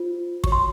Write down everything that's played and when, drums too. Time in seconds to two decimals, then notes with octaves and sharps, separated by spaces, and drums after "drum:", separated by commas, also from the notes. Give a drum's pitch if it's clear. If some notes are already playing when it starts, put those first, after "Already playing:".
Already playing: F4 C5
0.44 F#4 C#5 C#6, drum: kick
0.52 C6